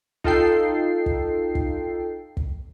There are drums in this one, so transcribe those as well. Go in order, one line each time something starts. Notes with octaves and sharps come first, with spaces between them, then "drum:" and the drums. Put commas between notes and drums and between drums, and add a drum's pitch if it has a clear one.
D#4 F4 A4 G5 C7, drum: kick
drum: kick
drum: kick
drum: kick